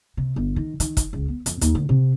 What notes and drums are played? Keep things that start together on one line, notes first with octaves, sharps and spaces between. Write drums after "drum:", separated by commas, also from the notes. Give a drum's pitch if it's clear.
C3
G1
D#3
D#3, drum: hi-hat
drum: kick, hi-hat
C#2
B3
F2, drum: hi-hat
D#2, drum: hi-hat
D2
C3